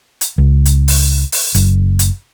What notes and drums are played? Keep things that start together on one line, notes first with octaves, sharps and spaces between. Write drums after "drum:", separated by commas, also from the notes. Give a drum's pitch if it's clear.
drum: hi-hat
C#2
drum: hi-hat
drum: open hi-hat
drum: open hi-hat
F#1, drum: hi-hat
drum: hi-hat